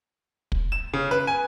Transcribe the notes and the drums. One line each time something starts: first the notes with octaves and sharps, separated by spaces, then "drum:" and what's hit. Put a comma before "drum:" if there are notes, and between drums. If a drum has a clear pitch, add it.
drum: kick
E7
C#3
B4
G#5